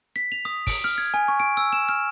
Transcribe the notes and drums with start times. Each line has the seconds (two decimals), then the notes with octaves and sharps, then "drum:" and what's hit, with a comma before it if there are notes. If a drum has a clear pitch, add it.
0.16 B6
0.32 F7
0.45 D#6
0.67 D7, drum: kick, open hi-hat
0.84 F6
0.98 G#6
1.14 G#5
1.28 C#6
1.40 D7
1.57 E6
1.73 E7
1.89 F6